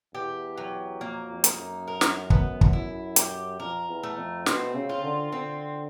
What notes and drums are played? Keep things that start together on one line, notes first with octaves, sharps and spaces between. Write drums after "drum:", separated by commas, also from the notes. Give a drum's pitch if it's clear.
E2 G4
F#3
F2 A#3
F2
D#4, drum: hi-hat
F#2
A#4
drum: snare
B3, drum: kick
drum: kick
E4
G4, drum: hi-hat
F2 A#4
E2
A3
F2
B2 C4, drum: snare
C#3
F4
D3
D3 C4